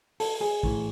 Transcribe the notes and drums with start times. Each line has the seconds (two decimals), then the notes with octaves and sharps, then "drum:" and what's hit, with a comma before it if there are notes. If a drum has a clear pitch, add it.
0.20 A4, drum: open hi-hat
0.41 G#4
0.63 A2 E3, drum: kick